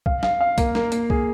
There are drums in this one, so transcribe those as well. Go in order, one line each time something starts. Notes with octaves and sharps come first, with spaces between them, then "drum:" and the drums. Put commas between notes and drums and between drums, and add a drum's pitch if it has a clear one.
F5, drum: kick
F5, drum: snare
F5
A#3, drum: kick, hi-hat
A#3, drum: snare
A#3, drum: hi-hat
G#4, drum: kick